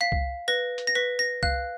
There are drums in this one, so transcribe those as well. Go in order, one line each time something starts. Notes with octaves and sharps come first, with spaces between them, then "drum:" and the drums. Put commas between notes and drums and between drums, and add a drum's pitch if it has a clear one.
F5 B6
drum: kick C2
B4 A#6
drum: hi-hat
A#6
B4 B6
A#6
F5 F#6, drum: kick C2